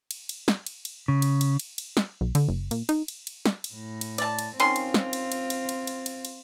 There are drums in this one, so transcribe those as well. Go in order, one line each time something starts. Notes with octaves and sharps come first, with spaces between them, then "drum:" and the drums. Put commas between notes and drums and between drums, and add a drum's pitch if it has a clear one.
drum: cymbal
drum: cymbal
drum: snare
drum: cymbal
drum: cymbal
C#3
drum: cymbal
drum: cymbal
drum: cymbal
drum: cymbal
drum: snare
B1
D3, drum: cymbal
F#1
A#2, drum: cymbal
D#4, drum: cymbal
drum: cymbal
drum: cymbal
drum: snare
drum: cymbal
A2
drum: cymbal
D5 A5, drum: cymbal
drum: cymbal
D#3 C4 C#4 F4 C6, drum: cymbal
drum: cymbal
drum: snare
drum: cymbal
drum: cymbal
drum: cymbal
drum: cymbal
drum: cymbal
drum: cymbal
drum: cymbal